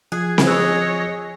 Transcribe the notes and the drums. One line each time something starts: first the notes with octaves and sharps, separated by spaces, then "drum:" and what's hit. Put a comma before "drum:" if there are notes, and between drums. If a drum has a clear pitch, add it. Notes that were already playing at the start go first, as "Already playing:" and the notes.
F3 F4 G#4 F#6
drum: snare C4
C#5 D#5 E6 F#6